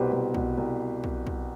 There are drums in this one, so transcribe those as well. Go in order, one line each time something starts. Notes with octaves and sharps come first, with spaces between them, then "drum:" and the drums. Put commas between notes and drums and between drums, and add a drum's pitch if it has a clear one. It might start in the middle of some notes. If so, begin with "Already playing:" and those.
Already playing: C2 B2 G3 G4 B4 C5
C2
B2 G3, drum: kick
C2
drum: kick
drum: kick